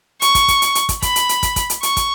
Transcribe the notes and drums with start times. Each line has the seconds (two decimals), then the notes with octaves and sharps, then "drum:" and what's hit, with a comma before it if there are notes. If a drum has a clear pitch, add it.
0.22 C#6, drum: hi-hat
0.35 drum: kick, hi-hat
0.48 drum: kick, hi-hat
0.62 drum: hi-hat
0.75 drum: hi-hat
0.89 drum: kick, hi-hat
1.02 B5, drum: kick, hi-hat
1.16 drum: hi-hat
1.29 drum: hi-hat
1.43 drum: kick, hi-hat
1.56 drum: kick, hi-hat
1.70 drum: hi-hat
1.83 C#6, drum: hi-hat
1.97 drum: kick, hi-hat